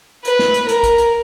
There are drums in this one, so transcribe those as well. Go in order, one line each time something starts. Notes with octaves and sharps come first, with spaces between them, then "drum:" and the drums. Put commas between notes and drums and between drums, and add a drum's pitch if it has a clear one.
B4, drum: hi-hat
drum: snare
drum: hi-hat
A#4, drum: hi-hat
drum: kick B1, hi-hat
drum: hi-hat